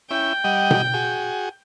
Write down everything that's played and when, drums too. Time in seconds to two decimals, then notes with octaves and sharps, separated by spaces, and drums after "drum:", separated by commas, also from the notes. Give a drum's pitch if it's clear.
0.11 C#4 E4 G5
0.44 G3 D#5 F#5
0.71 drum: tom B2
0.94 F#4 G#4